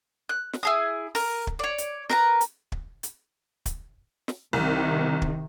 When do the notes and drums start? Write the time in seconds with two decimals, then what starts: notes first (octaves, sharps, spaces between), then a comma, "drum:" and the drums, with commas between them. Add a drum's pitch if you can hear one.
0.29 F#6
0.53 drum: snare
0.63 E4 G#4 D#6
1.15 A#4, drum: open hi-hat
1.47 drum: kick
1.59 C#5 D5
1.78 drum: hi-hat
2.10 A#4 B4 A#5, drum: snare
2.41 drum: hi-hat
2.72 drum: kick
3.03 drum: hi-hat
3.66 drum: kick, hi-hat
4.28 drum: snare
4.53 C2 C3 D#3
5.22 drum: kick